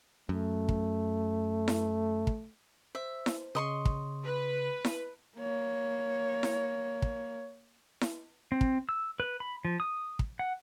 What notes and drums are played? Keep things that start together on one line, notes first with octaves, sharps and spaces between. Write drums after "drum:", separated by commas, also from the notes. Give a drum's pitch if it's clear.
F#2 A3
drum: kick
drum: snare E4
drum: kick
C5 E5
drum: snare E4
C#3 D#5 C6 C#6
drum: kick
B4
drum: snare E4
A#3 C#5
drum: snare E4
drum: kick
drum: snare E4
C4
drum: kick
E6
B4
B5
F3
D#6
drum: kick
F#5